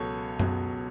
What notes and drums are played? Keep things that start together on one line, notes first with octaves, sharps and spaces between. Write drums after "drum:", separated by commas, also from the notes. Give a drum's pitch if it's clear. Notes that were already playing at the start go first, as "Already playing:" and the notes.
Already playing: C#2 B2 F#3 A4 C#5
C#2 B2 F#3, drum: tom F#2